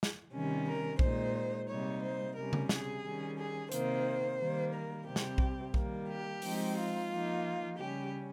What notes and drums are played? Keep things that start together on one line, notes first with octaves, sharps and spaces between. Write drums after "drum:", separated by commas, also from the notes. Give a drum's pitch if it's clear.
drum: snare
C3 D#3 G3 C#4
A#4
A#2 G#3 D#4 C5, drum: kick B1
C3 G3 A#3 D#4 C#5
C5
C3 G3 C#4 A#4
drum: tom C#3
G#4, drum: snare
D#3 G3 C#4
G#4
C3 D#3 A#3 C5, drum: hi-hat
D#3 G3 A#3
A#4
C3 G3 C4 G4
drum: snare
drum: kick B1
D#3 G3 A#3, drum: kick B1
G4
F3 G#3 C4 D#4, drum: open hi-hat
F4
F3 A#3 D#4
C#3 G3 C#4 G4